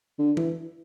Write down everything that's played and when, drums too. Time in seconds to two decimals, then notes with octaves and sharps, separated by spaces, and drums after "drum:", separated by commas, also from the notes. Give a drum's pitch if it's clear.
0.19 D3
0.37 E3, drum: tom